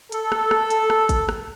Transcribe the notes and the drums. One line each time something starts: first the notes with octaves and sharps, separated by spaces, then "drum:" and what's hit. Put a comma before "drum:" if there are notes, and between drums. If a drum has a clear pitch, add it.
A4, drum: hi-hat
drum: rim click
drum: rim click
drum: hi-hat
drum: rim click
drum: kick, hi-hat
drum: rim click